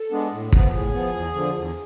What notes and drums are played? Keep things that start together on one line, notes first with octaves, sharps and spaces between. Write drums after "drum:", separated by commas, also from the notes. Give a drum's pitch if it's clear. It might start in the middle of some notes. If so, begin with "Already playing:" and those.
Already playing: A4
G#3 B3 D4
A2
F3 B3, drum: kick
A2 G#4
F3 B3
E2
D3 F3
E2